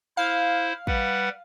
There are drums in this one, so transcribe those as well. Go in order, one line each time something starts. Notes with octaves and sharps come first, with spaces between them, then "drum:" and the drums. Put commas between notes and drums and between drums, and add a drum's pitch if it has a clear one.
E4 C5 F5
G3 B4 F#5, drum: kick